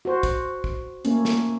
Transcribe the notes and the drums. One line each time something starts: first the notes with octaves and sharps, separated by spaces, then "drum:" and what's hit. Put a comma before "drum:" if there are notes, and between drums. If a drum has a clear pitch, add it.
F#4 C5
drum: kick, hi-hat
drum: kick
A3 A#3 C#4, drum: hi-hat
drum: snare